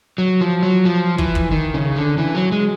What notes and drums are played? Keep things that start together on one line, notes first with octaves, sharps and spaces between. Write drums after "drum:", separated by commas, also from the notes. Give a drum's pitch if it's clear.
F#3
F3
F#3
F3
E3, drum: kick
drum: kick
D#3
C#3
D3
E3
F#3
G#3